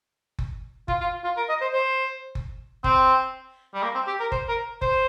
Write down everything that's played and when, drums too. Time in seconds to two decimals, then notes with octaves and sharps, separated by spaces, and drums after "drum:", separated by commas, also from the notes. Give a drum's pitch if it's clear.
0.39 drum: kick F#1
0.88 F4, drum: kick F#1
1.01 F4
1.24 F4
1.37 A#4
1.49 D#5
1.61 C5
1.73 C5
2.35 drum: kick F#1
2.84 C4, drum: kick F#1
3.74 G3
3.83 A#3
3.95 C4
4.07 G4
4.20 A#4
4.32 C5, drum: kick F#1
4.49 A#4
4.82 C5, drum: kick F#1